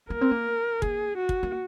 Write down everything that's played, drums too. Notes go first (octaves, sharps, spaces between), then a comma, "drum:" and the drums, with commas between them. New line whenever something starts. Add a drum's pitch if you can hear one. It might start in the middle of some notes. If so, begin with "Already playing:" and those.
A#3 A#4
C4
A#3
A#3 G#4, drum: kick
F#4
drum: kick
A#3